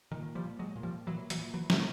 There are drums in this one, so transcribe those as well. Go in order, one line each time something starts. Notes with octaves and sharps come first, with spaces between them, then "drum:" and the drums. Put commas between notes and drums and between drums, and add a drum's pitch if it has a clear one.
A#2 D#3
F3 G3
A#2
F#3 G#3
A#2
F3 G3
A#2 E3 F#3
E3 F#3, drum: hi-hat
A#2
E3 F#3
A#2, drum: snare